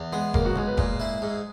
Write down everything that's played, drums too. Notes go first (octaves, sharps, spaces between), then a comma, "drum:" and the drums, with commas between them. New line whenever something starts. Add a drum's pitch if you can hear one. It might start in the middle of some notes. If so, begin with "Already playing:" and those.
Already playing: E2
G#3 B3 G#4
C#2 A#3 A#4, drum: kick F1
F#3 F#4
C#2 G#3 G#4
B3 B4
A#2 G#3 G#4, drum: kick F1
E4
G#2